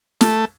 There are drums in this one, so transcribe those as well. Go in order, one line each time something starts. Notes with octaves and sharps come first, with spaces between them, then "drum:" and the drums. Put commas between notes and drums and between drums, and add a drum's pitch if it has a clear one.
A3, drum: snare